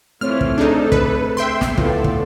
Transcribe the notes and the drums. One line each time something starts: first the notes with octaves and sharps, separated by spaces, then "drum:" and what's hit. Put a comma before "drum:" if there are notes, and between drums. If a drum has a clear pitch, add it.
E3 F3 A3 C4 F4 C#5 F6
drum: kick
D4 D#4 G#4 A4
B4, drum: kick
E5 G5 C6
drum: snare
A2 B3 D4 F4 A4 D5, drum: kick
drum: kick